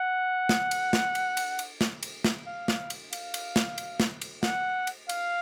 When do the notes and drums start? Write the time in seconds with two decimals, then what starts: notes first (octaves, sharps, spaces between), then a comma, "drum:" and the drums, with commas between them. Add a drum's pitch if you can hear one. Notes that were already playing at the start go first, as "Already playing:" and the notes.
Already playing: F#5
0.49 drum: snare
0.71 drum: cymbal
0.93 drum: snare
1.15 drum: cymbal
1.37 drum: cymbal
1.59 drum: cymbal
1.81 drum: snare
2.03 drum: cymbal
2.24 drum: snare
2.47 F5
2.68 drum: snare
2.90 drum: cymbal
3.13 F5, drum: cymbal
3.34 drum: cymbal
3.56 drum: snare
3.78 drum: cymbal
4.00 drum: snare
4.21 drum: cymbal
4.43 F#5, drum: snare
4.87 drum: cymbal
5.09 F5, drum: cymbal